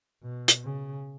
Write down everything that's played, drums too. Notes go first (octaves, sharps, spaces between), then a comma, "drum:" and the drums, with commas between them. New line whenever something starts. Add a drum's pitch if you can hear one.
B2
drum: hi-hat
C#3